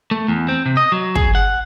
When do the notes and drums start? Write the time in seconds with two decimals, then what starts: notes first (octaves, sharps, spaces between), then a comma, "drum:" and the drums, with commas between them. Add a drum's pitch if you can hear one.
0.11 A3
0.28 E2
0.49 C4
0.66 C3
0.77 D#5
0.92 F#3
1.15 G#4, drum: kick
1.35 F#5